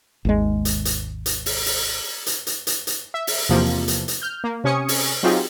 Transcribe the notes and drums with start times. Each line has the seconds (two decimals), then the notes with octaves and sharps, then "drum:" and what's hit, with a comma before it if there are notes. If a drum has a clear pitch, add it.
0.25 G#1 D#2 G#3
0.65 drum: hi-hat
0.85 drum: hi-hat
1.26 drum: hi-hat
1.46 drum: open hi-hat
1.66 drum: open hi-hat
2.26 drum: hi-hat
2.47 drum: hi-hat
2.67 drum: hi-hat
2.87 drum: hi-hat
3.14 E5
3.27 drum: open hi-hat
3.49 E2 C3 F3 A#3
3.88 drum: hi-hat
4.08 drum: hi-hat
4.22 F6 G6
4.44 A#3
4.64 C3 C#4 G#5 C#6 D#6 C#7
4.89 drum: open hi-hat
5.23 F#3 C4 D#4 F4 G4 G#4